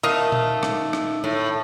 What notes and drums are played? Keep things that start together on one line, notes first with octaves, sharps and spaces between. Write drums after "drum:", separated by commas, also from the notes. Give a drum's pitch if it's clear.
D#3 A3 D#5 F5
drum: tom A#2
drum: rim click
drum: rim click
A2